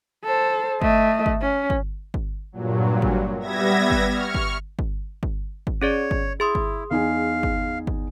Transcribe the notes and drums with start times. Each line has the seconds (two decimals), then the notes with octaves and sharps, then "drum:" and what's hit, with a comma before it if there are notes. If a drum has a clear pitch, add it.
0.25 A4 C5
0.82 A3 D#5, drum: kick G1
1.26 drum: kick G1
1.42 C#4
1.70 drum: kick G1
2.14 drum: kick G1
2.52 G2 A#2 F#3
3.02 drum: kick G1
3.40 G3 B3 E5 G#6 A#6
3.90 drum: kick G1
4.10 C#6 F6
4.35 drum: kick G1
4.79 drum: kick G1
5.23 drum: kick G1
5.67 drum: kick G1
5.82 C#4 G#4 C#5 D5
6.11 drum: kick G1
6.40 E4 G#4 C6 D#6
6.55 drum: kick G1
6.91 E2 D#4 F5 G#5
7.43 drum: kick G1
7.87 drum: kick G1